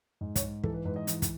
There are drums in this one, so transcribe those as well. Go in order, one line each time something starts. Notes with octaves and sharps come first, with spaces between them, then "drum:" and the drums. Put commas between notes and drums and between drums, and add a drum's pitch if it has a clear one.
G#2
C#5, drum: kick, hi-hat
G#2
E3 A4, drum: kick
B4
G#2 B4
D#5
E3, drum: hi-hat
drum: kick, hi-hat